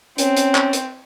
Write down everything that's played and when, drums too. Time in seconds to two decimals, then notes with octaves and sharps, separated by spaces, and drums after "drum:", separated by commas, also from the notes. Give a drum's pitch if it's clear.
0.18 C4 C#4, drum: hi-hat
0.37 drum: hi-hat
0.55 drum: clap
0.73 drum: hi-hat